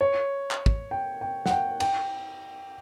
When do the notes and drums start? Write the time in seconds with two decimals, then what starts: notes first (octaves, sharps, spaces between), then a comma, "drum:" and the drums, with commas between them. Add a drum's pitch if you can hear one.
0.01 C#5
0.51 drum: clap
0.66 drum: kick
0.91 G5
1.21 G5
1.46 F#5, drum: snare
1.51 G5
1.80 G5, drum: cymbal